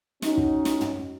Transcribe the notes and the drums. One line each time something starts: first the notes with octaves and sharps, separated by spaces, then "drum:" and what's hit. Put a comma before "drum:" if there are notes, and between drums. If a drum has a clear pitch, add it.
C#4 D#4 F#4, drum: snare
drum: kick
drum: snare
drum: tom